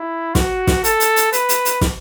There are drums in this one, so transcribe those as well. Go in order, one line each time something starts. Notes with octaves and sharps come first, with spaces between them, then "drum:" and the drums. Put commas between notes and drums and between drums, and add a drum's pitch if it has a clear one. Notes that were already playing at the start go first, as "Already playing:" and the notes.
Already playing: E4
F#4, drum: snare
drum: snare
A4, drum: hi-hat
drum: hi-hat
drum: hi-hat
B4, drum: hi-hat
drum: hi-hat
drum: hi-hat
drum: snare